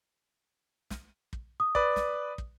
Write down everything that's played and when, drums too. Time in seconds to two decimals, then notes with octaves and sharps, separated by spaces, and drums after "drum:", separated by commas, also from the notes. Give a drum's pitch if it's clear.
0.90 drum: snare
1.33 drum: kick
1.60 D#6
1.75 B4 D5, drum: kick
1.96 drum: snare
2.38 drum: kick